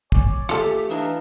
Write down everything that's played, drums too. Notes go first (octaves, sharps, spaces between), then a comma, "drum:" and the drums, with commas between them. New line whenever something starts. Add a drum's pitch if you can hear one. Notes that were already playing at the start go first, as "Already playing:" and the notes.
C#5 D5 G#5, drum: kick
A3 F4 G4 A4, drum: rim click
E3 D4 D#4 D#5 F5